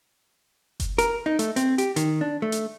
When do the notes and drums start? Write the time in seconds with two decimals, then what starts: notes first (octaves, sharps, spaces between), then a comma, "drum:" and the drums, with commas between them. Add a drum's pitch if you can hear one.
0.80 drum: kick F#1, hi-hat
0.98 A#4, drum: hi-hat
1.26 D#4
1.39 A3, drum: hi-hat
1.56 C4, drum: hi-hat
1.78 G4, drum: hi-hat
1.96 D#3, drum: hi-hat
2.21 D4
2.42 A3
2.52 drum: hi-hat